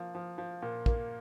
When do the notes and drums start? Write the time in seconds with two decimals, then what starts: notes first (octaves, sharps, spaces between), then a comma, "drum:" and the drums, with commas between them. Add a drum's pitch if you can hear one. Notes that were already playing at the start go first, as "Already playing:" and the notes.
Already playing: F3 A#3
0.15 F3
0.38 F3
0.62 A#2
0.86 A#3, drum: kick